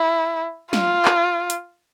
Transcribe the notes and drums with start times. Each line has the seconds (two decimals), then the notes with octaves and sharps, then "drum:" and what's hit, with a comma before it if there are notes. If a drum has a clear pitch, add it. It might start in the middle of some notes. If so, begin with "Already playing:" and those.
Already playing: E4
0.73 F4, drum: snare
1.05 drum: clap
1.50 drum: hi-hat